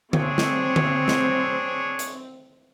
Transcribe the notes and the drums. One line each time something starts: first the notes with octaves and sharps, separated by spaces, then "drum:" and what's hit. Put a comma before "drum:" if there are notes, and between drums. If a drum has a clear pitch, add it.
C4 D4 G#4 C#5, drum: tom D3
drum: snare
drum: tom D3
drum: snare
drum: hi-hat